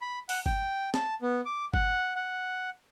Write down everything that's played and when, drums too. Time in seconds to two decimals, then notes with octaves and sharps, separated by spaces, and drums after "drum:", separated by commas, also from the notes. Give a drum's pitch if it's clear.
0.01 B5
0.29 F#5, drum: open hi-hat
0.46 G5, drum: kick G1
0.94 A5, drum: snare
1.22 B3
1.46 D6
1.74 F#5, drum: kick G1
2.15 F#5